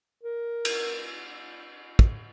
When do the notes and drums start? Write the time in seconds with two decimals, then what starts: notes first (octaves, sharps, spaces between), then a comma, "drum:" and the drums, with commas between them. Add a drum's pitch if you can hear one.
0.23 A#4
0.65 drum: cymbal
1.99 drum: kick